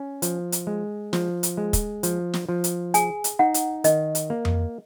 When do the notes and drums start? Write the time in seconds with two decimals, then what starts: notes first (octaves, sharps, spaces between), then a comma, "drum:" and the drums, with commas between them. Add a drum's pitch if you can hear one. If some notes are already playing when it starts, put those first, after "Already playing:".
Already playing: C#4
0.22 F3, drum: hi-hat
0.52 drum: hi-hat
0.67 G#3
1.13 F3, drum: snare
1.43 drum: hi-hat
1.57 G#3
1.73 drum: kick, hi-hat
2.03 F3, drum: hi-hat
2.34 drum: snare
2.49 F3
2.64 drum: hi-hat
2.94 G#4 G#5, drum: hi-hat
3.24 drum: hi-hat
3.39 D#4 F#5
3.54 drum: hi-hat
3.84 D#3 D#5, drum: hi-hat
4.15 drum: hi-hat
4.30 A#3
4.45 drum: tom F2